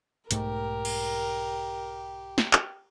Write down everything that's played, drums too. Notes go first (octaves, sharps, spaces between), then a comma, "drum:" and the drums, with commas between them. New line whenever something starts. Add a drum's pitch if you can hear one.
B1 G#2 A3 G4 A#4, drum: hi-hat
drum: cymbal
drum: snare
drum: clap